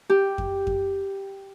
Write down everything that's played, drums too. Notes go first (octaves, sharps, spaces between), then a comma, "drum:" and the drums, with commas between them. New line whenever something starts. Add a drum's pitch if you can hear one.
G4
drum: kick F2
drum: kick F2